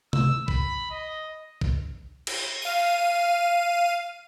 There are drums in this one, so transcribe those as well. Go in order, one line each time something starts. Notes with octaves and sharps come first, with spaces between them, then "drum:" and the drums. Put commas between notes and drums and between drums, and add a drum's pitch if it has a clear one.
E6, drum: tom C3
B5, drum: kick A#1
D#5
drum: kick A#1
drum: cymbal
F5 D#7